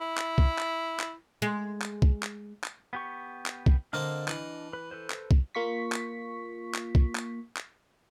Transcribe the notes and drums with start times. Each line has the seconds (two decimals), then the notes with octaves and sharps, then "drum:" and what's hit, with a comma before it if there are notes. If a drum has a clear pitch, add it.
0.01 E4
0.17 drum: clap
0.38 drum: kick
0.58 drum: clap
1.00 drum: clap
1.42 G#3
1.82 drum: clap
2.02 drum: kick
2.23 drum: clap
2.64 drum: clap
2.93 B3 G4 C#6
3.46 drum: clap
3.66 drum: kick
3.93 D3 A#3 C4 D4 D#5 F6
4.28 E3, drum: clap
4.73 B4
4.91 A4 B4 C5
5.10 drum: clap
5.31 drum: kick
5.55 A#3 F4 C#6 B6
5.92 drum: clap
6.74 drum: clap
6.95 drum: kick
7.15 drum: clap
7.56 drum: clap